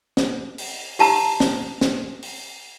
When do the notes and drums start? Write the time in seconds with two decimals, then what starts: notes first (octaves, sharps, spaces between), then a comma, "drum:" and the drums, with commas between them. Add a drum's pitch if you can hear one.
0.17 drum: snare
0.58 drum: open hi-hat
0.99 G4 A5 A#5, drum: open hi-hat
1.40 drum: snare
1.81 drum: snare
2.22 drum: open hi-hat